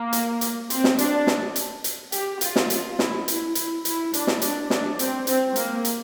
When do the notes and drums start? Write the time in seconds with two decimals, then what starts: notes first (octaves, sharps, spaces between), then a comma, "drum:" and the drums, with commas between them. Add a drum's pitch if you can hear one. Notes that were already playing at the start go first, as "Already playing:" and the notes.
Already playing: A#3
0.13 drum: hi-hat
0.41 drum: hi-hat
0.70 C4, drum: hi-hat
0.84 drum: snare
0.99 D4, drum: hi-hat
1.27 drum: snare
1.56 drum: hi-hat
1.84 drum: hi-hat
2.12 G4, drum: hi-hat
2.41 F4, drum: hi-hat
2.56 drum: snare
2.70 drum: hi-hat
2.99 E4, drum: snare
3.28 E4, drum: hi-hat
3.55 E4, drum: hi-hat
3.85 E4, drum: hi-hat
4.14 D4, drum: hi-hat
4.27 drum: snare
4.42 D4, drum: hi-hat
4.70 D4, drum: snare
4.99 C4, drum: hi-hat
5.27 C4, drum: hi-hat
5.56 A#3, drum: hi-hat
5.85 drum: hi-hat